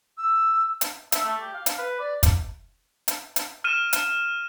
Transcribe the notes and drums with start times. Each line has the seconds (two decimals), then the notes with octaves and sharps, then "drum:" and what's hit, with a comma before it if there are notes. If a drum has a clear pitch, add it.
0.17 E6
0.81 drum: hi-hat
1.12 E5, drum: hi-hat
1.23 A3
1.41 G4
1.54 F5
1.66 drum: hi-hat
1.78 B4
1.99 D5
2.23 drum: kick, hi-hat
3.08 drum: hi-hat
3.36 drum: hi-hat
3.64 F6 D#7 E7
3.93 drum: hi-hat